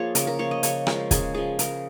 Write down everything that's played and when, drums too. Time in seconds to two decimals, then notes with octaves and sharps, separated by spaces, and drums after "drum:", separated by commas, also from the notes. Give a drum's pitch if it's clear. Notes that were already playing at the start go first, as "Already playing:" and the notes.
Already playing: F3 A#3 F4 G#4 C#5
0.15 C#3 A#4, drum: hi-hat
0.27 A#4
0.39 F3 A#3 C#5
0.51 D#5
0.63 C#3 C#5, drum: hi-hat
0.87 F3 G#3 A#4, drum: rim click
1.11 C#3 G#4, drum: kick, hi-hat
1.34 F3 G#3 G#4
1.59 C#3 A#4, drum: hi-hat